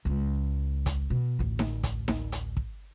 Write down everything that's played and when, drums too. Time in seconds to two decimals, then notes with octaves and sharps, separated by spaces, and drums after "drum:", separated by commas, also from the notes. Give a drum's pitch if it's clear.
0.05 C#2 G#3
0.86 drum: kick, hi-hat
1.10 B2
1.39 A1 D2
1.59 drum: snare D#4
1.83 drum: kick, hi-hat
2.08 drum: snare D#4
2.32 drum: hi-hat
2.57 drum: kick